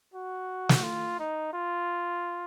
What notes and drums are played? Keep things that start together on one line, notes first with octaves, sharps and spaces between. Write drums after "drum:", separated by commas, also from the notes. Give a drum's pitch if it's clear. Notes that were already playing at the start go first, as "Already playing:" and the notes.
F#4
drum: snare
F4
D#4
F4